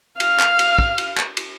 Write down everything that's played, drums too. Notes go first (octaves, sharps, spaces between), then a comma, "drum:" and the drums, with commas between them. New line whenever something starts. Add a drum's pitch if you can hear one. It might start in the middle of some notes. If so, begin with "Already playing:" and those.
F5 F6, drum: cymbal
drum: clap
drum: cymbal
drum: kick
drum: cymbal
drum: clap
drum: cymbal